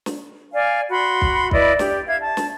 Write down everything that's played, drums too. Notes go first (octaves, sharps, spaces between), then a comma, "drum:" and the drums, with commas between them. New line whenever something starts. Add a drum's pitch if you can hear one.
drum: snare
D5 F5 G#5
F#4 B5 C6
drum: kick
E4 B4 D5 D#5, drum: kick
G4 D5, drum: snare
E5 F5 G#6
A5
drum: snare